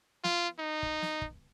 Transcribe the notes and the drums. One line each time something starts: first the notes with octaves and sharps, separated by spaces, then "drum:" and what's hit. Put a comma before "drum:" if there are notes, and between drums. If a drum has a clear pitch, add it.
F4, drum: snare
D#4
drum: kick
drum: snare
drum: kick